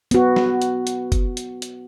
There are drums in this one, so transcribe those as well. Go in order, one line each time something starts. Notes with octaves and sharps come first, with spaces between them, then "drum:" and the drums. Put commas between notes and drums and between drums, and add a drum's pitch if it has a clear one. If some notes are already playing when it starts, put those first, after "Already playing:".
B3 F#4, drum: hi-hat
drum: snare
drum: hi-hat
drum: hi-hat
drum: kick, hi-hat
drum: hi-hat
drum: hi-hat